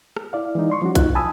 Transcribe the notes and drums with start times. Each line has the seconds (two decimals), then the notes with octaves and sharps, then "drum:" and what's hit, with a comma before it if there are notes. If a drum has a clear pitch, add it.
0.17 drum: rim click
0.33 E4 D5 F5
0.55 E3 G#3 D#4
0.70 D5 C6 C#6
0.82 F3 G3 C#4 F#4
0.95 D#4 F4 F#6, drum: kick, hi-hat
1.15 G#5 A5 B5 D#6 E6